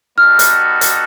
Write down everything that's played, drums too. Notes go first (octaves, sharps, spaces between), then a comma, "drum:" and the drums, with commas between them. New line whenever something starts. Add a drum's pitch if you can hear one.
G3 B3 D#4 F#4 A4 F6
drum: hi-hat
drum: hi-hat